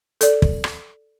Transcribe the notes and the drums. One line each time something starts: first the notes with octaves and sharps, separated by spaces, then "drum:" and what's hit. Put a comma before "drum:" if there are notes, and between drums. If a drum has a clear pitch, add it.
A4 D5, drum: hi-hat
drum: kick
drum: rim click